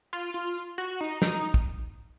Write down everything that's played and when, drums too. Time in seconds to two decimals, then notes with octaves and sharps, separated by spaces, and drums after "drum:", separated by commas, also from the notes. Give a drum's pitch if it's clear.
0.13 F4
0.34 F4
0.78 F#4
1.01 D#4
1.22 D#4, drum: snare
1.54 drum: kick